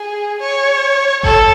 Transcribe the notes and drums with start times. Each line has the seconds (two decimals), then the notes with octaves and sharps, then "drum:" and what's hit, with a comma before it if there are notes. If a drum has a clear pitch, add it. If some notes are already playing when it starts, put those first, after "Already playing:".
Already playing: G#4
0.40 C#5
1.23 A4, drum: kick G#1